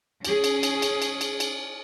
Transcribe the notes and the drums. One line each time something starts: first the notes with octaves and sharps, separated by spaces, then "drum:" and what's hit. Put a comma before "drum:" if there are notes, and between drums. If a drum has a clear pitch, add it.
C#4 G#4, drum: cymbal
drum: cymbal
drum: cymbal
drum: cymbal
drum: cymbal
drum: cymbal
drum: cymbal